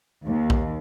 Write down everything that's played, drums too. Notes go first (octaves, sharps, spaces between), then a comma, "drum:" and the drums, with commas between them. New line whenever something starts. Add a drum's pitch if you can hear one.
D#2
drum: kick A#1